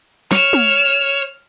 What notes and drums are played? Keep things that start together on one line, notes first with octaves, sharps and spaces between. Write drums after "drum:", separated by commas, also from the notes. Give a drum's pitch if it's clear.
C#5 F6 E7, drum: snare
drum: tom